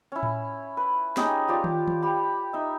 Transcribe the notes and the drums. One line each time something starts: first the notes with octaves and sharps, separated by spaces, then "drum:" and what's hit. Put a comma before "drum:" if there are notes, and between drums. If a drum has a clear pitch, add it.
C#4 E4
drum: tom A2
B4
C#4 D#4 G4 G#4, drum: snare
F3 G4 D5
drum: tom D#3
drum: tom D#3
G4 B5
D#4 E5